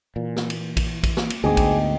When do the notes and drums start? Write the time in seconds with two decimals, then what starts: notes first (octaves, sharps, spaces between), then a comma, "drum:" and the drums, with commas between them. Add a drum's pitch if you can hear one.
0.16 A#2 E3
0.36 drum: snare
0.50 drum: cymbal
0.77 drum: kick A#1, cymbal
1.03 drum: kick A#1, cymbal
1.17 drum: snare
1.30 drum: cymbal
1.44 D2 G#2 D3 B3 D#4 G#4 G5 D6
1.57 drum: kick A#1, cymbal